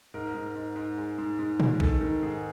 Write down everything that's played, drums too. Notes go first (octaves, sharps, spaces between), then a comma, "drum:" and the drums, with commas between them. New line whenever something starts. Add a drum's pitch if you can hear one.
G#2 A#4
G#2
G#2
G#2
G#3
G#2
G#2
G#3, drum: tom A#2
D#3 A4, drum: kick A#1
D#3
G#2 G#4